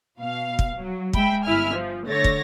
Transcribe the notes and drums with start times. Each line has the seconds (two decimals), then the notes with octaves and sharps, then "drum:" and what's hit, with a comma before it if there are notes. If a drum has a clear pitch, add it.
0.17 B2 F5
0.59 drum: kick
0.75 F#3
1.13 G#3 E5 G5 B5, drum: kick
1.44 G1 E4 E5 G#5 F6
1.74 F3
2.06 D3 A3 C#5 A6 A#6
2.24 drum: kick